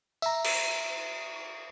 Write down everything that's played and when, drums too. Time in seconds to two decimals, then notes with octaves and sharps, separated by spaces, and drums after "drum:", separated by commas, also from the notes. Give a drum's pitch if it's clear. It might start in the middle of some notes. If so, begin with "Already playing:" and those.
0.22 E5 A#5, drum: tambourine
0.44 drum: cymbal